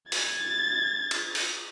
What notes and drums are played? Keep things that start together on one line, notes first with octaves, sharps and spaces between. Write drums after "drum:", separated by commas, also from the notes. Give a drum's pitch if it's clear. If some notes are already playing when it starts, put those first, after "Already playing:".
G#6 A6, drum: open hi-hat
drum: cymbal
drum: open hi-hat